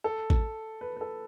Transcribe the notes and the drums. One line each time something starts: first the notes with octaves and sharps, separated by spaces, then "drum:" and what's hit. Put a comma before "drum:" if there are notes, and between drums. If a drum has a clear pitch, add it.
A4
drum: kick A1
B4
B4
A4